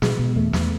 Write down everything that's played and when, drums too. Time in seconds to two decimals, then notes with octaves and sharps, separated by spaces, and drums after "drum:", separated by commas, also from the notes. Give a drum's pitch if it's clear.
0.02 B2 G#3, drum: snare
0.19 B2
0.36 E2 A3
0.53 E2, drum: snare